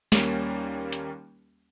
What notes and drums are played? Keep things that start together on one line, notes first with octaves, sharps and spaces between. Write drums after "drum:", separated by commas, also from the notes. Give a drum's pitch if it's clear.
D#2 G3 A#3 C#4, drum: snare
drum: hi-hat